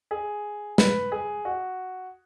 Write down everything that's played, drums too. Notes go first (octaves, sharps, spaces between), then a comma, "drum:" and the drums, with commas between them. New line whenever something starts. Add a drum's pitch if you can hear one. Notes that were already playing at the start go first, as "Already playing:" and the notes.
G#4
B4, drum: snare
G#4
F#4